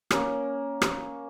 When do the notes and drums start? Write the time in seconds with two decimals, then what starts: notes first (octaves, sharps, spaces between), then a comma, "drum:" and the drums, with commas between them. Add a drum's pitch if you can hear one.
0.11 A#3 C#4, drum: rim click
0.82 drum: rim click